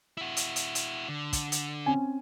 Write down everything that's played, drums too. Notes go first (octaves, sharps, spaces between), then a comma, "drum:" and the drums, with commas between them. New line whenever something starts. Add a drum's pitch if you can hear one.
E4 F#4
drum: hi-hat
drum: hi-hat
drum: hi-hat
D3
drum: kick, hi-hat
drum: hi-hat
C4 C#4 G#5